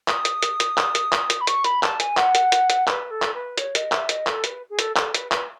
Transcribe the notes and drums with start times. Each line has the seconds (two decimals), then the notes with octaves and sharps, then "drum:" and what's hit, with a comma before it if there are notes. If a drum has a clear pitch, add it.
0.08 D#6, drum: clap
0.25 drum: hi-hat
0.43 drum: hi-hat
0.60 drum: hi-hat
0.77 drum: clap
0.95 drum: hi-hat
1.12 drum: clap
1.30 drum: hi-hat
1.41 B5
1.47 C#6, drum: hi-hat
1.64 B5, drum: hi-hat
1.83 A5, drum: clap
2.00 G#5, drum: hi-hat
2.17 F#5, drum: clap
2.35 drum: hi-hat
2.52 drum: hi-hat
2.70 drum: hi-hat
2.87 B4, drum: clap
3.10 A4
3.22 drum: clap
3.34 B4
3.58 C#5, drum: hi-hat
3.75 D#5, drum: hi-hat
3.92 E5, drum: clap
4.09 D#5, drum: hi-hat
4.27 A4, drum: clap
4.44 B4, drum: hi-hat
4.70 G#4
4.79 A4, drum: hi-hat
4.96 A4, drum: clap
5.15 B4, drum: hi-hat
5.32 B4, drum: clap